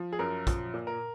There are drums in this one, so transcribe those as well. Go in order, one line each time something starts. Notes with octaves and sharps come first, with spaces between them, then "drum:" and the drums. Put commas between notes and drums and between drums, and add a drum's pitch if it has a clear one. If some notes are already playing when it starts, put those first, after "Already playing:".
Already playing: F3
G#4
F#2 A#4
F3, drum: kick, hi-hat
A#2
A#4